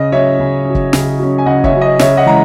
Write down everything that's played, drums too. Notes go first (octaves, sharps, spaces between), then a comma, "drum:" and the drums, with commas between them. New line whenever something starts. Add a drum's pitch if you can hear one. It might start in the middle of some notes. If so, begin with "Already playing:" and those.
Already playing: C#3 D#5
F#3 C#4 C#5 E5
C#3
F#3 C#4
drum: kick
C#3, drum: snare
F#3 C#4
G#5
C#3 D#5 F#5
C#5 E5, drum: kick
F#3 C#4
D#5
C#3 C#5 E5, drum: snare
D#5 F#5
E3 G#3 A#5